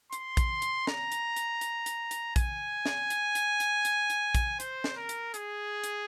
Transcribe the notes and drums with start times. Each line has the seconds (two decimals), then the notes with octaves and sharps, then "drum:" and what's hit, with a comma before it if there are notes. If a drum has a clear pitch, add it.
0.12 C6, drum: hi-hat
0.37 drum: kick, hi-hat
0.62 drum: hi-hat
0.87 A#5, drum: snare
1.12 drum: hi-hat
1.36 drum: hi-hat
1.61 drum: hi-hat
1.86 drum: hi-hat
2.11 drum: hi-hat
2.36 G#5, drum: kick, hi-hat
2.86 drum: snare
3.10 drum: hi-hat
3.35 drum: hi-hat
3.60 drum: hi-hat
3.85 drum: hi-hat
4.10 drum: hi-hat
4.35 drum: kick, hi-hat
4.60 C5, drum: hi-hat
4.84 drum: snare
4.97 A#4
5.09 drum: hi-hat
5.34 G#4, drum: hi-hat
5.84 drum: hi-hat